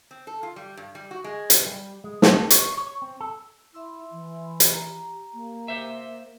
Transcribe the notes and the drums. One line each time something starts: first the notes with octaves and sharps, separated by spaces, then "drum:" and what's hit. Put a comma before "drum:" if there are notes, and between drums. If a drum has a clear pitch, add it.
C4
A4
F4
G3
G2
G3
F#4
G#3
drum: hi-hat
G3
G#3
A4, drum: snare
C#5, drum: hi-hat
C#5
C4
A4
E4 E5 C6 E6
E3
drum: hi-hat
G4 A#5
A#3
C5 E5